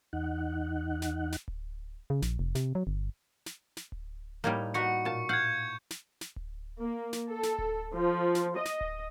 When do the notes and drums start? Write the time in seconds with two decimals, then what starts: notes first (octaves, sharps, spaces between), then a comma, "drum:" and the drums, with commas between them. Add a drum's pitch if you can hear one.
0.13 E2 D#4 F#5
1.02 drum: snare
1.32 drum: snare
1.48 drum: kick D1
2.10 C#3
2.22 A#1, drum: snare
2.39 F1
2.55 C3, drum: snare
2.75 F#3
2.87 G1
3.46 drum: snare
3.77 drum: snare
3.92 drum: kick D1
4.44 A2 G3 A#3 D#4
4.74 D#4 F#4 B4 C#6 C#7
5.05 A#2 A5
5.29 F5 F#5 G6 G#6
5.91 drum: snare
6.21 drum: snare
6.36 drum: kick D1
6.79 A#3
7.13 drum: snare
7.30 A4
7.43 drum: snare
7.58 drum: kick D1
7.93 F3
8.35 drum: snare
8.55 D#5
8.65 drum: snare
8.81 drum: kick D1